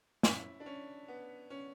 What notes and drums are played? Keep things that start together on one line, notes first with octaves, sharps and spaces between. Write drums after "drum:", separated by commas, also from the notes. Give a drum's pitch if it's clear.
C#4 E4, drum: snare
D4
C#4
B3
C#4